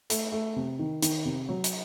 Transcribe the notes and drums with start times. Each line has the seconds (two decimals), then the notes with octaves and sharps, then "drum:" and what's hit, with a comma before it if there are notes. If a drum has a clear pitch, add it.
0.10 A3, drum: hi-hat
0.32 A3
0.56 C3
0.79 D#3
1.02 D#3, drum: hi-hat
1.25 C3
1.49 F#3
1.64 drum: hi-hat